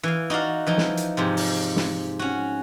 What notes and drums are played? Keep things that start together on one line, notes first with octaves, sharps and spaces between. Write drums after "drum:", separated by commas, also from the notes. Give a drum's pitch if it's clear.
E3 F5
D#4 F#4 D5 F5
E3 F3 D#4
drum: snare
drum: hi-hat
G#2 C3 F3
drum: open hi-hat
drum: snare
C#4 F#4